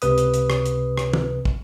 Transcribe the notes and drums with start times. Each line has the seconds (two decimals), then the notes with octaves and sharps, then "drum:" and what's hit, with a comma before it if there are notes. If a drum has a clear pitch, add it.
0.02 C#2 C3 B4 D#6, drum: hi-hat
0.18 drum: hi-hat
0.34 drum: hi-hat
0.50 drum: rim click
0.66 drum: hi-hat
0.98 drum: rim click
1.13 drum: tom
1.45 drum: kick